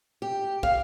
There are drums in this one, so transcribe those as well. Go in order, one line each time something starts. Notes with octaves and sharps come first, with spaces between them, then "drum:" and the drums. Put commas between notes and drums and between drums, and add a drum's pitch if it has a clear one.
G4
F5, drum: kick